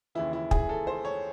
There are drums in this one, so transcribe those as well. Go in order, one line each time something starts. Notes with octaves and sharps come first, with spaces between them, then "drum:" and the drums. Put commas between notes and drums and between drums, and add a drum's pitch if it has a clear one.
D#2 C#3 E3 E4
E4
G#4, drum: kick
A4
C5
C#5